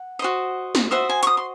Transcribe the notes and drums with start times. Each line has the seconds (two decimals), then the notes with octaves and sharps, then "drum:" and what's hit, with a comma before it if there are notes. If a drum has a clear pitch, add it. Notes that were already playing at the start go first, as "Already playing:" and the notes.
Already playing: F#5
0.19 F#4 C5 D#5
0.75 drum: snare
0.91 F#4 C5 D#5 E5
1.09 G#5
1.23 C#6, drum: hi-hat
1.27 D#6
1.37 C6